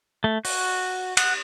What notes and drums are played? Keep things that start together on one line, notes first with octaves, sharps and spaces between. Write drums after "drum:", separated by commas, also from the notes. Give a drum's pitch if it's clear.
A3
F#4, drum: open hi-hat
F#5, drum: cymbal